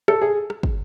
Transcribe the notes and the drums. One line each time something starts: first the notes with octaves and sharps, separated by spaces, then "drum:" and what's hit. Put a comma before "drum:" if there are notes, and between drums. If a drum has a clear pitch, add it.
A4, drum: rim click
G#4
drum: rim click
drum: kick